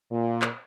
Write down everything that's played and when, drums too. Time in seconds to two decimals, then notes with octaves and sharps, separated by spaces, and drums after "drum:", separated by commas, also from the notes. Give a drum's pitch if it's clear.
0.11 A#2
0.42 drum: clap